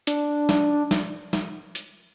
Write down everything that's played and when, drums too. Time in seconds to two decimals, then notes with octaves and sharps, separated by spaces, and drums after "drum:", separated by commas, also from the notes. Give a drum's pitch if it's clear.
0.07 D4, drum: hi-hat
0.49 drum: snare
0.91 drum: snare
1.33 drum: snare
1.75 drum: hi-hat